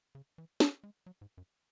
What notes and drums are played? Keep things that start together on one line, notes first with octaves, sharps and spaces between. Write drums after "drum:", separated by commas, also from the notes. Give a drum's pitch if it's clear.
C#3
E3
G#3, drum: snare
G#3
F#3
G#2
F#2